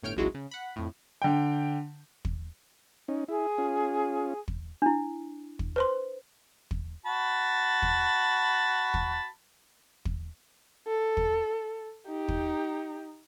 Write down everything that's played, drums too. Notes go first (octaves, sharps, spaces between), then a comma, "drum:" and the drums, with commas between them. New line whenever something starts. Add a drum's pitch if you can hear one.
G1 A2 C#5 G5 F6 D7
G#1 C#2 F#3 G#3 E4 F#4
C#3
F#5 B5
F2 A2
D3 G5
drum: kick
C#4 D#4
E4 G#4
C#4 F4
drum: kick
D4 E4
drum: kick
B4 C5 C6
drum: kick
F#4 A5 B5
drum: kick
drum: kick
drum: kick
A4
drum: kick
D#4 G4
drum: kick